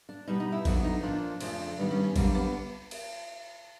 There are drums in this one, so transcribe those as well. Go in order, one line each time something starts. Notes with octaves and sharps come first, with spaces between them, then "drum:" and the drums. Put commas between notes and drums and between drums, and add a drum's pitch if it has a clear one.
D4
B2 G3 B3 D#4
D#4
E4
F2 D3 F#3 B3 D#4, drum: kick A1, cymbal
D#4
A#2 F3 A#3 D4
F2 C#3 F3 A3, drum: cymbal
G2 D#3 G3 B3
C#4
C#4
F#2 D3 G3 A#3 C4, drum: kick A1, cymbal
B3
drum: cymbal